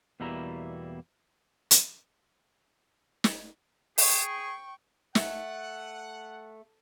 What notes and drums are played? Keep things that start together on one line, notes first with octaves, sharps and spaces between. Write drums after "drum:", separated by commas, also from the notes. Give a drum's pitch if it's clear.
E2 B2 G3 A#3 E4 A#5
drum: hi-hat
drum: snare
G#4 G5 C#6, drum: open hi-hat
A3 F#5, drum: snare